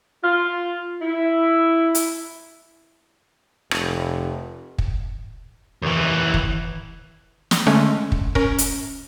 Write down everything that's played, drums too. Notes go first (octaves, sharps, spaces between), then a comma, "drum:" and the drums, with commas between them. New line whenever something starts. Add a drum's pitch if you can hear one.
F4
E4
drum: hi-hat
F1, drum: rim click
drum: kick
D#2 E3
drum: kick
drum: snare
D3 G#3 A3 C#4
drum: kick
C#4 A#4, drum: kick
drum: hi-hat